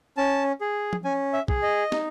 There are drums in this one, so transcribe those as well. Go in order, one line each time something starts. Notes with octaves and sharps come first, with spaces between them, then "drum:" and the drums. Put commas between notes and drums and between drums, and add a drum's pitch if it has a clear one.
C#4 A5
G#4
drum: tom F3
C#4 G#5
E5
G#4, drum: kick
D#5
D#4, drum: snare